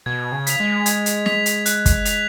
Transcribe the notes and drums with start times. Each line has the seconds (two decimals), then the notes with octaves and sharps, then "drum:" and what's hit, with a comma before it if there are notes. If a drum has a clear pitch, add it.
0.06 B2 G#6
0.32 C#3
0.47 B6 F7, drum: hi-hat
0.60 G#3
0.86 G#6, drum: hi-hat
1.06 drum: hi-hat
1.26 B6 F7, drum: snare
1.46 drum: hi-hat
1.66 F#6, drum: hi-hat
1.86 drum: kick, hi-hat
2.05 B6 F7, drum: hi-hat